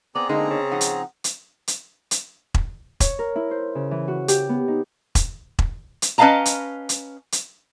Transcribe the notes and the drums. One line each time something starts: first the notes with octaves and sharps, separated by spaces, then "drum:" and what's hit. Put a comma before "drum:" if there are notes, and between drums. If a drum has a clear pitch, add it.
B3 C4 G#4 D5 A#5
D3 G#3 A#3 D#4
C#3
F3 D#4 F#5
drum: hi-hat
drum: hi-hat
drum: hi-hat
drum: hi-hat
drum: kick E1
C#5, drum: kick E1, hi-hat
A#4
E4
C5
C#3
E3
F#4
G4, drum: hi-hat
B3
D#4
drum: kick E1, hi-hat
drum: kick E1
drum: hi-hat
C#4 B4 D#5 F5 A5 A#5
drum: hi-hat
drum: hi-hat
drum: hi-hat